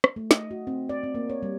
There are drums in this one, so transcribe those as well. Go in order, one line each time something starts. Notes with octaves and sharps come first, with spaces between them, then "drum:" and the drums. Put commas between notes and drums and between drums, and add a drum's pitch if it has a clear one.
drum: rim click
A3
D#5, drum: snare
F#4
C4
D5
C4
A#3
C#5
G3